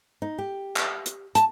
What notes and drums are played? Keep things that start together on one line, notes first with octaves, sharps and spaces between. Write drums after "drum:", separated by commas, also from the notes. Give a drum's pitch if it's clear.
D#4
G4
drum: clap
drum: hi-hat
A5, drum: hi-hat